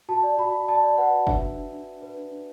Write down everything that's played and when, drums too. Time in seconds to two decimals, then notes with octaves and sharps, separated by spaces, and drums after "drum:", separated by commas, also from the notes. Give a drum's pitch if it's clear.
0.09 F#4 A5
0.23 D5
0.38 F#4 B5
0.54 F#4
0.67 D5 A5
0.83 D5
0.98 B4 F#5
1.12 F#4
1.27 D4 E5, drum: kick
1.42 D4
1.57 D4
1.72 D4
1.87 D4
2.02 B4
2.17 D4
2.32 D4